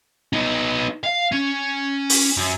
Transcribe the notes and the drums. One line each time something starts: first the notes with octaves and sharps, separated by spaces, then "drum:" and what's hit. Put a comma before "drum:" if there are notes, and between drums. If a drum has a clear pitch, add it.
B3 D#4
F5
C#4
drum: open hi-hat
F#2